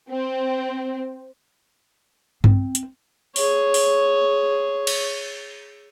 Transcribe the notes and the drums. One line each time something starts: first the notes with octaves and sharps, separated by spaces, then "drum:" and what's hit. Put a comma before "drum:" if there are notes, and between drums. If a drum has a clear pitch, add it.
C4
C4, drum: tom G2
drum: hi-hat
G#4 C#5, drum: open hi-hat
drum: open hi-hat
drum: cymbal